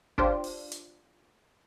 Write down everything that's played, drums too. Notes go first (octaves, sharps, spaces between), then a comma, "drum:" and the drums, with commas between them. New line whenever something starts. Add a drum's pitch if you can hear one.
D4 F4 G4 C5, drum: kick G1
drum: open hi-hat
drum: hi-hat